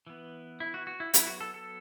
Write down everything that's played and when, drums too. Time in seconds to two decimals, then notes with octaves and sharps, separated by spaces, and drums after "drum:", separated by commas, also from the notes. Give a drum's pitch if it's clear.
0.07 E3 B3
0.60 E4
0.74 F#4
0.87 F#4
1.00 E4
1.14 F#3 B3 E4, drum: hi-hat
1.27 F#4
1.41 A4
1.54 A4